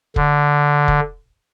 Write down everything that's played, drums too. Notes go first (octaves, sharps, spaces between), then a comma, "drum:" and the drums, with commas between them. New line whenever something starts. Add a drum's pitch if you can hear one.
D3, drum: kick
drum: kick